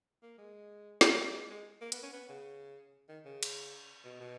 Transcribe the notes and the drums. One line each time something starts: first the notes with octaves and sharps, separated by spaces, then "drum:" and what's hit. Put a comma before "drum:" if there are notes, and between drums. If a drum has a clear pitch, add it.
A#3
G#3
drum: snare
G3
G#3
G#3
A#3
B3, drum: hi-hat
C#4
B3
C#3
D#3
C#3
drum: cymbal
B2
B2